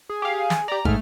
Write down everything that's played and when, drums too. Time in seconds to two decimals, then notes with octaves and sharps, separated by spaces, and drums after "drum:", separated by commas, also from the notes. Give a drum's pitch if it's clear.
0.09 G#4
0.22 G4 F5
0.50 drum: snare
0.68 G4 D5 A#5
0.85 G#2 A3 F6, drum: kick